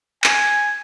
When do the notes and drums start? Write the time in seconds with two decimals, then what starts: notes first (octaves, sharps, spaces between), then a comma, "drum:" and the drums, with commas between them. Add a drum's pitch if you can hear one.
0.24 G#5, drum: clap